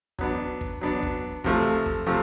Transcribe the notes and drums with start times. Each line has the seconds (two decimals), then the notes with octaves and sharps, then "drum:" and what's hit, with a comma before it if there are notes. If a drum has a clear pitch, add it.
0.19 F#3 B3 D4, drum: kick
0.61 drum: kick
0.81 F#3 B3 D4
1.02 drum: kick
1.44 C3 F3 A3, drum: kick
1.86 drum: kick
2.07 C3 F3 A3